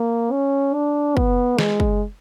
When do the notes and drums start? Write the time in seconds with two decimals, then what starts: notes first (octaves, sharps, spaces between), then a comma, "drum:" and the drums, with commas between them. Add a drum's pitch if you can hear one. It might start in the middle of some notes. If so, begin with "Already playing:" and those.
Already playing: A#3
0.31 C#4
0.74 D4
1.17 B3, drum: kick
1.59 G#3, drum: snare
1.80 drum: kick